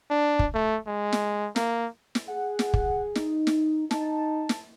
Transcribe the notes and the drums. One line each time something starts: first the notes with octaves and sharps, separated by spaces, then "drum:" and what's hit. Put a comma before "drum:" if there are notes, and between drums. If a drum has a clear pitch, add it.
D4
drum: kick
A3
G#3
drum: snare
A#3, drum: snare
drum: snare
G#4 F#5
drum: snare
drum: kick
D#4, drum: snare
drum: snare
D#4 A5, drum: snare
drum: snare